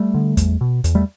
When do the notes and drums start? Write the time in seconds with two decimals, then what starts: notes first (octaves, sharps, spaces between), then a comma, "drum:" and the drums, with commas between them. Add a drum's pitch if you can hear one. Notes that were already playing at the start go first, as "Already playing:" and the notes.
Already playing: G3 A3
0.14 D3
0.37 E2, drum: kick, hi-hat
0.61 B2
0.84 E2, drum: hi-hat
0.95 G3 A3